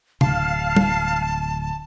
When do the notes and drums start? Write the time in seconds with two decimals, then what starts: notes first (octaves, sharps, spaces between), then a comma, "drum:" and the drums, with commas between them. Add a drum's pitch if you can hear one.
0.21 D1 F5 A5, drum: tom
0.76 drum: tom